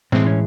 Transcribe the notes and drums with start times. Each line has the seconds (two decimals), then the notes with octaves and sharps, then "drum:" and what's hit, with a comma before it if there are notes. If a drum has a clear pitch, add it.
0.12 A2 E3 G#3 C4, drum: snare
0.27 C#4